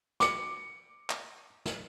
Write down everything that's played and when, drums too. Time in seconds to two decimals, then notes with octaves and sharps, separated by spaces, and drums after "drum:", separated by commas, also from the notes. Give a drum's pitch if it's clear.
0.20 D6 C#7, drum: snare
1.10 drum: clap
1.65 drum: snare